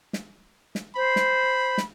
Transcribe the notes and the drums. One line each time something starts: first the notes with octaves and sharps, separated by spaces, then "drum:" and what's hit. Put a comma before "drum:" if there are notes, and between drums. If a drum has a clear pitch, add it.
drum: snare
drum: snare
C5 B5
drum: snare
drum: snare